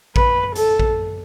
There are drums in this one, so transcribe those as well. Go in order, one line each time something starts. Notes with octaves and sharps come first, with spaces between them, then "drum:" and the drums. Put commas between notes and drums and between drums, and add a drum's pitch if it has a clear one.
B4, drum: kick A1
A4, drum: hi-hat
drum: kick A1